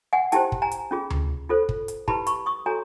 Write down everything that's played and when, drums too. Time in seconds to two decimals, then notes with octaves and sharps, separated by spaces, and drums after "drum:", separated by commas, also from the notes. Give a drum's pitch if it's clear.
0.13 F#5 G#5
0.32 E4 G4 C5 G5 A5, drum: hi-hat
0.52 drum: kick
0.62 G#5 A#5
0.72 drum: hi-hat
0.91 C#4 F4 G#4
1.10 drum: tom D2
1.49 F4 A4 C5
1.69 drum: kick
1.88 drum: hi-hat
2.08 E4 G4 B4 A5 B5, drum: kick
2.27 B5 C#6, drum: hi-hat
2.46 C#6 D#6
2.66 F#4 A4 C#5 G#5 A#5